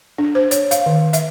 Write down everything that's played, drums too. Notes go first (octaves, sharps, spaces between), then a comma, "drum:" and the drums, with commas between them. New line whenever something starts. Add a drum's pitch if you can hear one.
D4
C5
C#5, drum: hi-hat
F5, drum: hi-hat
D#3
E5, drum: hi-hat